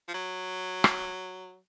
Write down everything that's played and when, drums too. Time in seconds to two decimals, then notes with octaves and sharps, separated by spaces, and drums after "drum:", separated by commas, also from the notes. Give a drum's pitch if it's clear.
0.08 F3
0.14 F#3
0.84 drum: rim click